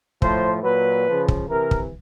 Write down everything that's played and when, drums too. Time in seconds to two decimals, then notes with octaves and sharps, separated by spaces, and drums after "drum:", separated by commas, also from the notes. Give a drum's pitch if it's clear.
0.22 A2 F3 C5, drum: kick
0.64 A#2 F#3 B4
1.08 C#3 F3
1.28 drum: kick
1.49 C3 E3 A#4
1.71 drum: kick